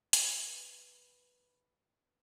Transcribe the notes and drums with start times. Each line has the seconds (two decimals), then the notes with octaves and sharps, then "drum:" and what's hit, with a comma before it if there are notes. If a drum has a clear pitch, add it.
0.13 B4 A#5, drum: hi-hat